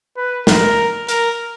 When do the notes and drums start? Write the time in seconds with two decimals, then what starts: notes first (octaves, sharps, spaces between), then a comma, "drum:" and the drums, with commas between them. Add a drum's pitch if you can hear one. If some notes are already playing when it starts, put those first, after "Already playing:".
0.17 B4
0.47 A#4, drum: snare
1.09 A#4, drum: hi-hat